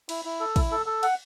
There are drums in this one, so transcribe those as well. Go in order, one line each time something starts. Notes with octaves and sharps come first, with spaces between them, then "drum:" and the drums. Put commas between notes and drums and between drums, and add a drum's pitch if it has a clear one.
E4, drum: cymbal
E4
A4
E4, drum: kick, cymbal
A4
A4
F#5, drum: cymbal